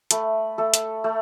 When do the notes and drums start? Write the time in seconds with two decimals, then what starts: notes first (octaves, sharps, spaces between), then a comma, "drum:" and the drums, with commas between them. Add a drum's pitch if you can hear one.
0.11 A3 B4, drum: hi-hat
0.58 A3 A4
0.74 drum: hi-hat
1.04 A3